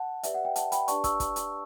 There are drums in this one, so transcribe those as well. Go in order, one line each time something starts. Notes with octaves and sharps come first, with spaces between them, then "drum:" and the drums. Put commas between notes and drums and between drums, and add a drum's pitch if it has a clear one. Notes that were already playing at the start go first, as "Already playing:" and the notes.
Already playing: F#5 A5
G4 B4 D5 E5, drum: hi-hat
F#5
E5 G5
F#5 A5, drum: hi-hat
G5 B5, drum: hi-hat
D4 G4 B4 D5 A5 C#6, drum: hi-hat
C#6 E6, drum: kick, hi-hat
drum: kick, hi-hat
drum: hi-hat